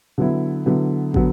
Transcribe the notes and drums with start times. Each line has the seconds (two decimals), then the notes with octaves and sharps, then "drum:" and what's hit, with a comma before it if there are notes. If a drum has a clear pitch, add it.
0.18 D3 F#3 B3 E4
0.66 D3 F#3 B3 E4
1.14 D3 F#3 B3, drum: kick